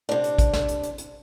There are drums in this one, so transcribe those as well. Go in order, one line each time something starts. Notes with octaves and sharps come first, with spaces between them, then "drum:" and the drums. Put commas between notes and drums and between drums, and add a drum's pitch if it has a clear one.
C3 D4
drum: hi-hat
drum: kick, hi-hat
drum: snare
drum: hi-hat
drum: hi-hat
drum: hi-hat